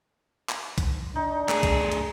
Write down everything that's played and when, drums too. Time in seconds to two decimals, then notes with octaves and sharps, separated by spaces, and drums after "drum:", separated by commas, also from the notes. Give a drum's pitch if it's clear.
0.49 drum: clap
0.78 drum: kick, hi-hat
1.16 D4 D#4
1.49 A3 G#4, drum: clap
1.63 drum: kick, hi-hat
1.92 drum: hi-hat